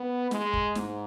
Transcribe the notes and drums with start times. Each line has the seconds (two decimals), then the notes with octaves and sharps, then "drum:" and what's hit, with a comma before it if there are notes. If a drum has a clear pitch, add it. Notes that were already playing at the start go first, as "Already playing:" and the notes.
Already playing: B3
0.31 G#3, drum: snare
0.53 drum: kick
0.75 G#2, drum: snare